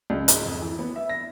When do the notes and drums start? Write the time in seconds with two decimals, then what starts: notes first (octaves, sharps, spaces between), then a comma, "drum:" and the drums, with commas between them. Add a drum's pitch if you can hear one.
0.10 C#2
0.28 G#2, drum: hi-hat
0.46 F2
0.61 E3
0.79 B3
0.96 E5
1.09 A#6